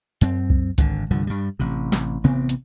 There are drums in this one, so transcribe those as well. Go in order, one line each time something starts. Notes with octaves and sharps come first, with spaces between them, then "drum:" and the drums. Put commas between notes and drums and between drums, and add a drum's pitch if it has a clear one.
F#2 C4, drum: hi-hat
drum: kick C2
G#1 D3, drum: kick C2, hi-hat
C2 G2 D3 F3
G2 G3
A1 C3
drum: snare
A1 C3 B3 C4
drum: hi-hat